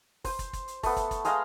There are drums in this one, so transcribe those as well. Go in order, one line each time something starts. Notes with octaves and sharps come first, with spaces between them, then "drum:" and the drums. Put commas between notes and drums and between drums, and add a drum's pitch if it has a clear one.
C5, drum: kick, open hi-hat
drum: kick, hi-hat
drum: kick, hi-hat
drum: hi-hat
A3 B3, drum: kick, open hi-hat
drum: kick, hi-hat
drum: kick, hi-hat
G#3 F5 G5 A#5, drum: hi-hat